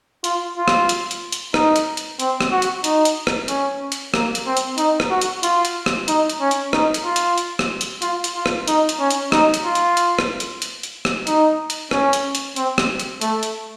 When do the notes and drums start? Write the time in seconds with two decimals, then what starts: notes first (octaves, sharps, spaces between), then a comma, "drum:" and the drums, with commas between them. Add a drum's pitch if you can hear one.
0.24 F4, drum: hi-hat
0.57 F4
0.68 drum: rim click
0.89 drum: hi-hat
1.11 drum: hi-hat
1.32 drum: hi-hat
1.54 D#4, drum: rim click
1.76 drum: hi-hat
1.97 drum: hi-hat
2.19 C4, drum: hi-hat
2.40 drum: rim click
2.52 F#4
2.62 drum: hi-hat
2.84 D#4, drum: hi-hat
3.05 drum: hi-hat
3.27 drum: rim click
3.48 C#4, drum: hi-hat
3.92 drum: hi-hat
4.14 A#3, drum: rim click
4.35 drum: hi-hat
4.46 C4
4.57 drum: hi-hat
4.78 D#4, drum: hi-hat
5.00 drum: rim click
5.10 F#4
5.21 drum: hi-hat
5.43 F4, drum: hi-hat
5.65 drum: hi-hat
5.86 drum: rim click
6.08 D#4, drum: hi-hat
6.30 drum: hi-hat
6.41 C#4
6.51 drum: hi-hat
6.73 D#4, drum: rim click
6.94 drum: hi-hat
7.05 F4
7.16 drum: hi-hat
7.38 drum: hi-hat
7.59 drum: rim click
7.81 drum: hi-hat
8.02 F4, drum: hi-hat
8.24 drum: hi-hat
8.35 F4
8.46 drum: rim click
8.68 D#4, drum: hi-hat
8.89 drum: hi-hat
9.00 C#4
9.10 drum: hi-hat
9.32 D#4, drum: rim click
9.54 drum: hi-hat
9.65 F4
9.75 drum: hi-hat
9.97 drum: hi-hat
10.19 drum: rim click
10.40 drum: hi-hat
10.62 drum: hi-hat
10.83 drum: hi-hat
11.05 drum: rim click
11.27 D#4, drum: hi-hat
11.70 drum: hi-hat
11.91 C#4, drum: rim click
12.13 drum: hi-hat
12.35 drum: hi-hat
12.56 C4, drum: hi-hat
12.78 drum: rim click
13.00 drum: hi-hat
13.21 A3, drum: hi-hat
13.43 drum: hi-hat